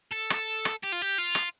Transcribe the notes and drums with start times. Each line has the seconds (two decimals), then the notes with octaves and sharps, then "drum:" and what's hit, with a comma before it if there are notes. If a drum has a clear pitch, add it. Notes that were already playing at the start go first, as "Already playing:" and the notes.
0.12 A4
0.30 drum: rim click
0.65 drum: rim click
0.83 G4
0.92 F4
1.02 G4
1.18 F4
1.35 drum: rim click